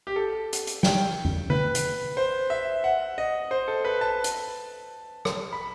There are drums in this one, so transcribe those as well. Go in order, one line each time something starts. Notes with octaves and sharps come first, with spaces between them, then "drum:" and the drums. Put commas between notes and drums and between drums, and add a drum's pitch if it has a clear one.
G4
A4
drum: hi-hat
drum: hi-hat
G5, drum: snare
drum: tom F2
B4, drum: tom D3
drum: hi-hat
C5
E5
F#5
D#5
C5
A4
B4
A5
drum: hi-hat
drum: rim click
B5